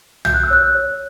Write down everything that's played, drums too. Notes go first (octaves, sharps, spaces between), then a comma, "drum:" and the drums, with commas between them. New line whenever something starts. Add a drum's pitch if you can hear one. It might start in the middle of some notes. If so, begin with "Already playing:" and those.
F#4 G6, drum: tom
F#6
E6
C#5 F#6
C#5